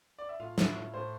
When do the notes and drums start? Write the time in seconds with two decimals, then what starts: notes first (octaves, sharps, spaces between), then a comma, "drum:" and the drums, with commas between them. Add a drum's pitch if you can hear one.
0.18 D5
0.29 E5
0.39 A2 F4 F5
0.58 A2 E4 E5, drum: snare
0.76 A2
0.94 A2 C5